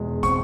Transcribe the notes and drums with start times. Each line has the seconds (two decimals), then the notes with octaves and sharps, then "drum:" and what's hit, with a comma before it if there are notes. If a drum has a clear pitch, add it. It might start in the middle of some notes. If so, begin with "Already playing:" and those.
Already playing: E2 B2 G#3
0.23 C4 C#6, drum: kick, hi-hat